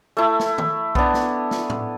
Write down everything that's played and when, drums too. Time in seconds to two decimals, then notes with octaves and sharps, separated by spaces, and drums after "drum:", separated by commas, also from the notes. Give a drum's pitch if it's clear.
0.17 A3 E4
0.40 drum: snare
0.58 drum: tom D#3
0.95 B3 D4, drum: kick B1
1.14 drum: snare
1.51 drum: snare
1.70 drum: tom A2